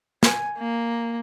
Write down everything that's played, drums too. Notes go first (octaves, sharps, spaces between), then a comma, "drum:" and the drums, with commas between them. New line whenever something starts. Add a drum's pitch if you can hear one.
G#5, drum: snare
A#3